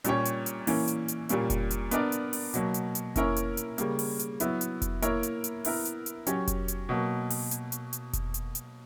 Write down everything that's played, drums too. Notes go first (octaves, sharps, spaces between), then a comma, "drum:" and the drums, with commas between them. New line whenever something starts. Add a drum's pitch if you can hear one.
A#2 G3 C#4 G4 C#5, drum: hi-hat
drum: hi-hat
drum: hi-hat
E3 A#3 C#4, drum: open hi-hat
drum: hi-hat
drum: hi-hat
A#2 G3 A#3 C#4, drum: hi-hat
drum: kick F1, hi-hat
drum: hi-hat
B3 D4 A#4 D5, drum: hi-hat
drum: hi-hat
drum: open hi-hat
B2 F#3 A#3, drum: hi-hat
drum: hi-hat
drum: hi-hat
A#3 C#4 E4 A#4 C#5, drum: kick F1, hi-hat
drum: hi-hat
drum: hi-hat
C#3 G3 A#3, drum: hi-hat
drum: open hi-hat
drum: hi-hat
F#3 B3 E4, drum: hi-hat
drum: hi-hat
drum: kick F1, hi-hat
A#3 E4 A#4 C#5, drum: hi-hat
drum: hi-hat
drum: hi-hat
B3 E4 A#4, drum: open hi-hat
drum: hi-hat
drum: hi-hat
F#3 C#4 G4 C#5, drum: hi-hat
drum: kick F1, hi-hat
drum: hi-hat
B2 F#3 A#3
drum: open hi-hat
drum: hi-hat
drum: hi-hat
drum: hi-hat
drum: kick F1, hi-hat
drum: hi-hat
drum: hi-hat